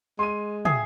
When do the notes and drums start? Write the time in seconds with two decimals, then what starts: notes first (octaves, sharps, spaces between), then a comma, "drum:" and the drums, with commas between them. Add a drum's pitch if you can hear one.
0.19 G#3 C6 D#7
0.65 G#4 E5, drum: tom